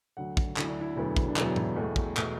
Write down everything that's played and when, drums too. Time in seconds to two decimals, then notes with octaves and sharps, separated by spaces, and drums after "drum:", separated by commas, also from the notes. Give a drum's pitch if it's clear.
0.17 D2 D3 F#3 F#5
0.37 drum: kick
0.57 D2 D3 F#3 E4, drum: clap
0.68 D4
0.81 E4
0.96 E1 D2 D3 F#3 B3
1.16 drum: kick
1.28 D4
1.36 E1 D2 D3 F#3 B3 E4, drum: clap
1.56 drum: tom G#2
1.76 E1 E2 B2 A3
1.96 drum: kick
2.17 B2 A3, drum: clap